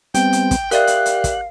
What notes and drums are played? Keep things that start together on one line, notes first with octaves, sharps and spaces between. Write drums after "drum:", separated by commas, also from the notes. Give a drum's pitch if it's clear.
G3 B3 C4 G5, drum: hi-hat
drum: hi-hat
drum: kick, hi-hat
G4 A#4 D5 E5 F5 F#6, drum: hi-hat
drum: hi-hat
drum: hi-hat
drum: kick, hi-hat